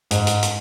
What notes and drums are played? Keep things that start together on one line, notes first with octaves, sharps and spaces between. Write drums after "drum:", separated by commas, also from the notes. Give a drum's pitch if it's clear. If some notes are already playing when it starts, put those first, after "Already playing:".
G#2, drum: hi-hat
drum: hi-hat
drum: hi-hat